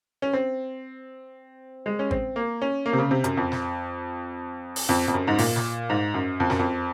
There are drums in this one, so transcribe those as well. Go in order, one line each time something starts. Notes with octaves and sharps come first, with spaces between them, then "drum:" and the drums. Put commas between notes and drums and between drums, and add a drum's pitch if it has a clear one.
C#4
C4
G#3
C#4
C4, drum: kick G#1
A#3
C#4
A#3
C3
C#3
C3
F#2, drum: hi-hat
F2
drum: snare
drum: open hi-hat
F2
F2
F#2
G#2
A#2, drum: open hi-hat
drum: snare
G#2
F#2
F2
F#2, drum: snare
F2